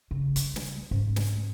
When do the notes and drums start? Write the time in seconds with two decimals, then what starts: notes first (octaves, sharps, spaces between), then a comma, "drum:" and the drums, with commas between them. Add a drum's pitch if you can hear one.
0.11 C#3
0.36 G3, drum: hi-hat
0.56 drum: snare
0.91 G#2 C#4
1.16 drum: snare